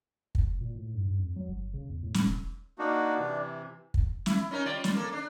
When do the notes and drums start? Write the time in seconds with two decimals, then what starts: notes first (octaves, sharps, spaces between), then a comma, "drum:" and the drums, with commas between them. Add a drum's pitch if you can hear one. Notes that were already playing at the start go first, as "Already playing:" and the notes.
0.35 drum: kick
0.45 F#1
0.61 A#2
0.76 A2
0.95 G2
1.07 G2
1.18 F2
1.36 F#3
1.48 G1
1.74 C#3
1.89 E2
2.03 A2
2.14 drum: snare
2.26 E1
2.79 A#3 D4 D#4 F#4
3.18 C3 E3
3.94 drum: kick
4.26 E4, drum: snare
4.51 C#4 D#4 A#4
4.66 G3 F4 D5
4.84 drum: snare
4.94 A#3 A4
5.13 D4